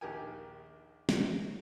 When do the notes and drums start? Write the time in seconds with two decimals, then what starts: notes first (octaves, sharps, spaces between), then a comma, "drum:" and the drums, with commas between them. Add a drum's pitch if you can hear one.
0.01 A#1 D#2 G4 A#4 G5 G#5
1.09 drum: snare